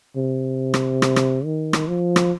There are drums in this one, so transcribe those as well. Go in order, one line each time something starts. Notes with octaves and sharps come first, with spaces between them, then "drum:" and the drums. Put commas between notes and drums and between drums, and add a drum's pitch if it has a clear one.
C3
drum: rim click
drum: rim click
drum: rim click
D#3
drum: rim click
F3
drum: rim click